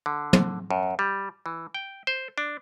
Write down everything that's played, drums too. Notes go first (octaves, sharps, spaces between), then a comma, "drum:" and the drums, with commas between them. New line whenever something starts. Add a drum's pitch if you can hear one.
D3
drum: tom
F#2
G3
E3
G5
C5
D4